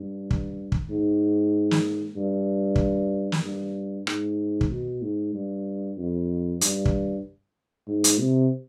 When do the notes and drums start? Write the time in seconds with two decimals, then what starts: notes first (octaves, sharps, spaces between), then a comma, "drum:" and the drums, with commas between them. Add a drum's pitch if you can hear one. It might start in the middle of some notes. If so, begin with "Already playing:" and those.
Already playing: G2
0.31 drum: kick
0.72 drum: kick
0.89 G#2
1.71 drum: snare
2.16 G2
2.76 drum: kick
3.32 drum: snare
3.43 G2
4.07 G#2, drum: rim click
4.61 drum: kick
4.70 B2
5.02 G#2
5.34 G2
5.98 F2
6.61 G2, drum: hi-hat
6.85 drum: kick
7.88 G#2
8.04 drum: hi-hat
8.20 C3